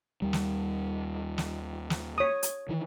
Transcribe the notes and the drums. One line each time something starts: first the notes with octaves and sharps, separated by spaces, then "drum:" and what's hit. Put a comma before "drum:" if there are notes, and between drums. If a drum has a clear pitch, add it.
D#2 G3
drum: snare
drum: snare
drum: snare
C#5 D#6
drum: hi-hat
D#3 E3